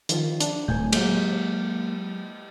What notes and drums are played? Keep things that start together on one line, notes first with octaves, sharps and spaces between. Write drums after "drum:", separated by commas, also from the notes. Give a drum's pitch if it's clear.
D#3 F3 F4, drum: hi-hat
D4, drum: hi-hat
D1 A2 G#5 G6
F#3 G#3 A#3, drum: cymbal